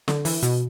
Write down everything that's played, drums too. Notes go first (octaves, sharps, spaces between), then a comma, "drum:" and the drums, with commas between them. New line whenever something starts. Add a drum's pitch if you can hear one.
D3, drum: snare
E3, drum: open hi-hat
B2, drum: hi-hat